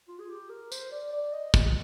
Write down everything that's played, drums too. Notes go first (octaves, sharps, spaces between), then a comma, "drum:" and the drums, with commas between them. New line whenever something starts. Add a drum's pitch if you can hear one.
F4
G#4
G4
A#4
C5, drum: tambourine
D5
D5
D#5
D#5, drum: kick, tambourine